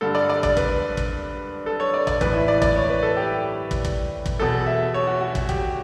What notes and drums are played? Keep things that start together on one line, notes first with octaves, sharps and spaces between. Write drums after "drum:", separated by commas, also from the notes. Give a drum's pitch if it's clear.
G2 D3 A4
D5
D5
D5, drum: kick
B4, drum: kick
drum: kick
A4
C#5
D5
D5, drum: kick
A2 E3 B4, drum: kick
E4
D5
D5, drum: kick
C#5
B4
A4
G4
drum: kick
drum: kick
drum: kick
E2 B2 A4
E5
C#5
F#4
F#4
drum: kick
G4, drum: kick